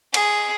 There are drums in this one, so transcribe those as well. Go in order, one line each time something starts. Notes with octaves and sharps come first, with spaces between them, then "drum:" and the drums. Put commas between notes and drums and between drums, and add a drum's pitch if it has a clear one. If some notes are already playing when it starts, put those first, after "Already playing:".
G#4, drum: cymbal